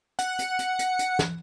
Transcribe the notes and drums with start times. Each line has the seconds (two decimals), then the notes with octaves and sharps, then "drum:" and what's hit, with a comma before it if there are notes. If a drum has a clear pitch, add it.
0.19 F#5, drum: hi-hat
0.39 drum: hi-hat
0.59 drum: hi-hat
0.79 drum: hi-hat
0.99 drum: hi-hat
1.19 drum: snare